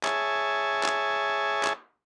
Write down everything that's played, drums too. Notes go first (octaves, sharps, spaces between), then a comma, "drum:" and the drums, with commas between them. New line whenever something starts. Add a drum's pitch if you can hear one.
G#4 C#5 E5 G#5 A5, drum: clap
drum: clap
drum: clap